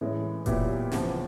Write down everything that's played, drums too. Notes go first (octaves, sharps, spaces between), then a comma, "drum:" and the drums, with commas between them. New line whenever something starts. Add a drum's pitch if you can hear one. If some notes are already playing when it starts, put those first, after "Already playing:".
A2 E3 G#3 C#4
A#2 F#3 B3 E4 G4, drum: kick E1, hi-hat
E2 C#3 F3, drum: snare